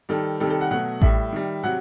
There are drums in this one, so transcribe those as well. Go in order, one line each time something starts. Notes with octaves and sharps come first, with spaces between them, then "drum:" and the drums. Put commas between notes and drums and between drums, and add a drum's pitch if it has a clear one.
D#3 G3 A4
C3 D#3 G3 A4
A4
F#5
B2 F#3 A3 F#5
A2 G3 E5, drum: kick A1
D#3 G3
C3 F#3 F#5